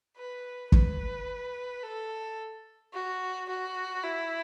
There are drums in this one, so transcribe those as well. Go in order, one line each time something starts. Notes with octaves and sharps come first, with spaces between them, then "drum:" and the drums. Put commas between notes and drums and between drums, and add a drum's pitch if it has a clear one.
B4
B4, drum: kick
A4
F#4
F#4
E4